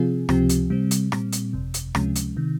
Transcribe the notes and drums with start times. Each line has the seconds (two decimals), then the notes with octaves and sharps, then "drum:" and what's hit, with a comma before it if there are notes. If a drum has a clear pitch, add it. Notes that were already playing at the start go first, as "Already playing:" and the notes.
Already playing: C3 F3 C4 F4 G#4
0.29 C#2 C3 F3 C4 G4, drum: rim click
0.49 drum: hi-hat
0.70 C3 G3 C4
0.91 drum: hi-hat
1.12 A#2 G3 C4, drum: rim click
1.32 drum: hi-hat
1.53 G1 F2 C3
1.74 drum: hi-hat
1.95 C#2 C3 F3 G#3 C#4, drum: rim click
2.15 drum: hi-hat
2.37 C3 D#3